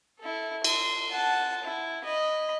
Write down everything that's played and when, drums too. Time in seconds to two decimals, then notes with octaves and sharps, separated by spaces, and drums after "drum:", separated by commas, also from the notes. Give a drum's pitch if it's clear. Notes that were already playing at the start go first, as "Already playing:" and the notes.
0.20 E4 A4
0.64 C6, drum: cymbal
1.11 F#5 A5
1.64 E4
2.04 D#5 B5